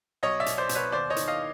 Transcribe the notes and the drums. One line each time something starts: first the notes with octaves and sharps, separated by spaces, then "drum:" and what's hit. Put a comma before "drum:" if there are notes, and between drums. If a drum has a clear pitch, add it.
B1 C#5 D#5
D5 E5
B2, drum: hi-hat
C5 D5
B2, drum: hi-hat
B4 C#5
D#2 C5 D5
C#5 D#5
D#3, drum: hi-hat
D#5 F5